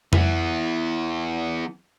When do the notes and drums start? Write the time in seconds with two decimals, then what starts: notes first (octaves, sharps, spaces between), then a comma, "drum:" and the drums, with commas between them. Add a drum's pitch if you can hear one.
0.13 E3 B3, drum: tom F2